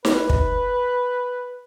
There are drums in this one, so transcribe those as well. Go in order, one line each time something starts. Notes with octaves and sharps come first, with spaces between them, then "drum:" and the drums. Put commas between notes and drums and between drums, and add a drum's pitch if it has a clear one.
B4, drum: snare D#4
drum: kick